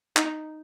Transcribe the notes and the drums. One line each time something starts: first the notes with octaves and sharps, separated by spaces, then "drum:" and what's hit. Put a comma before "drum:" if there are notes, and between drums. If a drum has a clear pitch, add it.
D#4, drum: clap